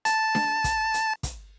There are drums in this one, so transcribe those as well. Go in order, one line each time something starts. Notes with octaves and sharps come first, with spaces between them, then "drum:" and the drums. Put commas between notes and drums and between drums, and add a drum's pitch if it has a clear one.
A5, drum: hi-hat
drum: snare D4
drum: kick, hi-hat
drum: hi-hat
drum: kick, hi-hat